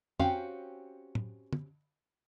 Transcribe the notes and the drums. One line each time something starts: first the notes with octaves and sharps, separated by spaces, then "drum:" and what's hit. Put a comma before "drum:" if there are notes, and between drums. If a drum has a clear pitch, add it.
C4 C#4 F#4 G4 F5, drum: tom
drum: tom
drum: tom